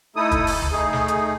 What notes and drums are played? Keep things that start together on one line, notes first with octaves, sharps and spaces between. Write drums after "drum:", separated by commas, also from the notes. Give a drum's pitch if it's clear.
A3 D#4 E4 A4 D#6
drum: kick, hi-hat
drum: open hi-hat
drum: tom D2
A3 D#4 G#4
drum: snare
drum: hi-hat